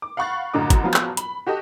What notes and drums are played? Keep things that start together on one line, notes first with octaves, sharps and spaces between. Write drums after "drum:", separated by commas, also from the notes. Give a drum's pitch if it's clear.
D6
F5 F#5 B5 C#6 F#6 A6
F#2 A2 D3 D#5 D6
drum: kick G1, hi-hat
F3 F#3 B3 F4
drum: clap
B5, drum: hi-hat
F#4 G4 A4 D#5